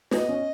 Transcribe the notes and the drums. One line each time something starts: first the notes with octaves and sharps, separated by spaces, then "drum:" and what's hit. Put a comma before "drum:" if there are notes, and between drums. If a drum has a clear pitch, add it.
B3 D#5, drum: snare
C#4